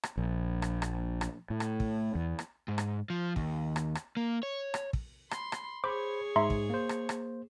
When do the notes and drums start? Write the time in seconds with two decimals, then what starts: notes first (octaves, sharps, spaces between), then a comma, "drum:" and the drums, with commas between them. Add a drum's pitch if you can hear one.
0.03 drum: rim click
0.17 A#1
0.62 drum: rim click
0.82 drum: rim click
1.21 drum: rim click
1.50 A2
1.60 drum: rim click
1.80 drum: kick
2.15 E2
2.39 drum: rim click
2.68 G#2
2.78 drum: rim click
3.10 F3
3.36 D#2, drum: kick
3.76 drum: rim click
3.95 drum: rim click
4.17 A#3
4.43 C#5
4.74 drum: rim click
4.93 drum: kick
5.31 B5 C6, drum: rim click
5.52 drum: rim click
5.84 G#4 C5 C#5 B5 D6
6.36 G#2 E5 A#5 C6
6.50 drum: kick
6.70 A#3 C5
6.89 drum: rim click
7.09 drum: rim click